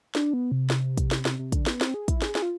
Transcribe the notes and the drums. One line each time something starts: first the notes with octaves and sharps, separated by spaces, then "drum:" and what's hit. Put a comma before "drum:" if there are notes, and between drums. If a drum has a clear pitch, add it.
D4, drum: snare
B3
C3
drum: snare
drum: kick, hi-hat
drum: snare
C3, drum: snare
C3
D3, drum: kick, hi-hat
B3, drum: snare
C4, drum: snare
G#4
E4, drum: kick, hi-hat
G#4, drum: snare
G#4, drum: snare
F4